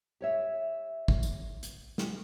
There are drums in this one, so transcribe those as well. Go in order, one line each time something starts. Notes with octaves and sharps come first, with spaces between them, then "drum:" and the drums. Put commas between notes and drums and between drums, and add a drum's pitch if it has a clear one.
G4 C#5 E5
drum: kick
drum: tambourine
drum: hi-hat
drum: snare